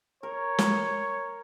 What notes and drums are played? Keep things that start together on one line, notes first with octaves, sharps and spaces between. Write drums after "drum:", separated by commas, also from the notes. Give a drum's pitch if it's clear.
A#4 C#5
drum: snare